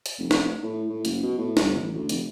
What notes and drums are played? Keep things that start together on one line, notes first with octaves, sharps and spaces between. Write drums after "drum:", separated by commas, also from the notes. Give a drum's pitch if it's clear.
drum: hi-hat
F1
drum: snare
A2
A2
F#1, drum: hi-hat
B2
A2
G1, drum: snare
A1
D2
F1, drum: hi-hat